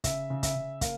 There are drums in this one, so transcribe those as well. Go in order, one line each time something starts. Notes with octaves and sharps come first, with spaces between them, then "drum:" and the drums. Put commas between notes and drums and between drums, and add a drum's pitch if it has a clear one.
C#3 E5, drum: kick, hi-hat
C#3
E5, drum: kick, hi-hat
C#3
A#3 F5, drum: kick, hi-hat